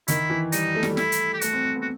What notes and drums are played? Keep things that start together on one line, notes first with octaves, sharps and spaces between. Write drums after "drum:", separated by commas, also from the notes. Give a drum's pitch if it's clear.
D#3 E4, drum: hi-hat
E3
G3 D#4, drum: hi-hat
A3
G3, drum: snare
A3
E4, drum: snare
drum: hi-hat
G4
A3 F#4, drum: hi-hat
C4
C4
B3
F#4